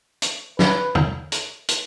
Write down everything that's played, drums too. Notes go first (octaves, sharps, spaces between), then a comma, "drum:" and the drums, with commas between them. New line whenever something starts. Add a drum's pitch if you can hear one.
drum: hi-hat
B4, drum: snare
drum: tom
drum: hi-hat
drum: hi-hat